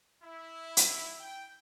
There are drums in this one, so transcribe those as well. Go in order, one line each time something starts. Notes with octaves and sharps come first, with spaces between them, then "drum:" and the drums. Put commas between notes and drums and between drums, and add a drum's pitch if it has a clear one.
E4
drum: hi-hat
G5